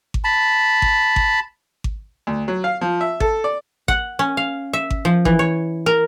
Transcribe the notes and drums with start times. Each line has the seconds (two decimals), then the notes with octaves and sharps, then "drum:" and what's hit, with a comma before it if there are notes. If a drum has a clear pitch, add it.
0.14 drum: kick G#1
0.24 A5 B5
0.82 drum: kick G#1
1.16 drum: kick G#1
1.84 drum: kick G#1
2.27 D2
2.48 F#3
2.64 F5
2.81 F3
3.01 E5
3.20 A4, drum: kick G#1
3.44 D5
3.88 F#5, drum: kick G#1
4.19 C#4
4.37 F5
4.73 E5
4.90 drum: kick G#1
5.05 F3
5.25 E3, drum: kick G#1
5.39 C#5
5.86 A#4